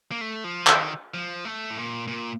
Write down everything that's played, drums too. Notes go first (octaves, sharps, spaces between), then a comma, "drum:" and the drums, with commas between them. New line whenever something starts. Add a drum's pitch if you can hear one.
A#3
A3
F3
D#3, drum: clap
F3
A3
A2
A#2
A#2